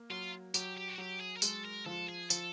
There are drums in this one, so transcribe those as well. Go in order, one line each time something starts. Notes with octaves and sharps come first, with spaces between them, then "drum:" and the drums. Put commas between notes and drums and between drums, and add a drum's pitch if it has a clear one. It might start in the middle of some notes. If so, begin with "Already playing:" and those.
Already playing: A#3
F#3 F4
F#3 G4, drum: tambourine
G4
F#4
F#3 G4
G#4
A#4
G#3 A4, drum: tambourine
A#4
F3 A4
G#4
F3 A4, drum: tambourine